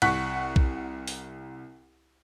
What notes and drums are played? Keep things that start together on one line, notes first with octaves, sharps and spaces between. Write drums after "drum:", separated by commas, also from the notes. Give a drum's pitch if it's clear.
C2 F#5 C#6 F#6 B6, drum: cymbal
drum: kick B1
drum: open hi-hat